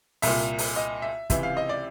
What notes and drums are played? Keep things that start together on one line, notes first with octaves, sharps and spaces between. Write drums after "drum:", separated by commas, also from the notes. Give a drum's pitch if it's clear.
C2 A#2 E5, drum: open hi-hat
drum: open hi-hat
D#5
E5
C#2 C3 E3 E5, drum: kick, hi-hat
F5
D#5
D5